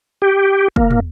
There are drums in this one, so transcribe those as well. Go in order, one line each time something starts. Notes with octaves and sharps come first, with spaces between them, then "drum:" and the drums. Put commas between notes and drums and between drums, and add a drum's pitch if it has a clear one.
G4
A#3, drum: kick
drum: tom